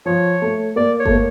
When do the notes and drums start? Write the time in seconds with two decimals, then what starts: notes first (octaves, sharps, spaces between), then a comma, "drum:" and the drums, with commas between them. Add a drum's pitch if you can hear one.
0.06 F3 C#5
0.42 A3
0.76 A#3 D5
1.00 C#5
1.06 A3, drum: kick G1
1.11 A#3